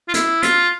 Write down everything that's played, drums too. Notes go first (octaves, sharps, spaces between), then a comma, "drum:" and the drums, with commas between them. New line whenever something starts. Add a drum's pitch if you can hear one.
F4
E4, drum: hi-hat
F4, drum: hi-hat